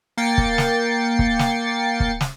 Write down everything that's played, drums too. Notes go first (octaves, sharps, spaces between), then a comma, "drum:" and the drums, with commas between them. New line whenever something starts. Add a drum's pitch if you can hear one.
A#3 G5 A6 C7 C#7
drum: kick
drum: snare
drum: kick
drum: snare
drum: kick
drum: snare